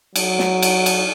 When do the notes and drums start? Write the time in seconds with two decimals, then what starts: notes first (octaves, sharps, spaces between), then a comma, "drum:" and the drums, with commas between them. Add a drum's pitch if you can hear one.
0.16 F#3, drum: cymbal
0.39 drum: snare
0.62 drum: cymbal
0.86 drum: cymbal